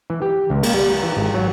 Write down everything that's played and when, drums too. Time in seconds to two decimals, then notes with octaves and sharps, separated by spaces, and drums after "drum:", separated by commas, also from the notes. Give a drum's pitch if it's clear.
0.10 E3
0.22 G4
0.50 C#2
0.63 A#3, drum: cymbal
0.74 G3
1.03 E3
1.17 G#1
1.34 F#3